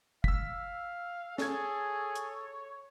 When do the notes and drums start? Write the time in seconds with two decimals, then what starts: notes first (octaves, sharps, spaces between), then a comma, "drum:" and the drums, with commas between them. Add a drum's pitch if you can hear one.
0.24 F5 E6 B6, drum: kick
1.38 G#4 A4 C#5 G#6, drum: snare
2.15 drum: hi-hat